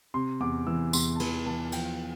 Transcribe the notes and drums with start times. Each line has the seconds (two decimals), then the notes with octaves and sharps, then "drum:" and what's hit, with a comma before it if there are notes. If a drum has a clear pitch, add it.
0.14 C3 C6
0.40 E2 D6
0.67 E3 E6
0.93 E2 C6, drum: tambourine
1.16 A5
1.20 E3 B5, drum: cymbal
1.46 E2 A5
1.72 F3 G5, drum: cymbal